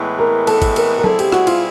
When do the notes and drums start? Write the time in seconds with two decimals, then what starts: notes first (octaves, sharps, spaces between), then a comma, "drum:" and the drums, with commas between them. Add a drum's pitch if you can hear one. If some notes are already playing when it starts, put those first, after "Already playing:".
Already playing: A2 E3 G#3 B3
0.19 A#4
0.47 A4, drum: cymbal
0.62 drum: kick G#1, cymbal
0.76 A#4, drum: cymbal
0.98 A#4
1.04 B2 G3 C4 E4 G#4 A4, drum: tom F#3
1.19 G4, drum: cymbal
1.32 F#4, drum: rim click
1.47 F4, drum: cymbal